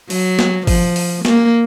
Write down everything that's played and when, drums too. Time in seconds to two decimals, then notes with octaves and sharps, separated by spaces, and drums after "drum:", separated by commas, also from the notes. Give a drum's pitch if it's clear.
0.10 F#3, drum: open hi-hat
0.39 drum: snare
0.67 F3, drum: kick, open hi-hat
0.96 drum: open hi-hat
1.25 A#3, drum: snare